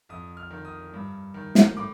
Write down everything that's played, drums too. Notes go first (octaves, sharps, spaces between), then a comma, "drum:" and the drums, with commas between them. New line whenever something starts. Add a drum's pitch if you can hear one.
F2 D#6
F6
D#3
D#6
G2
D#3
drum: snare
A2 D6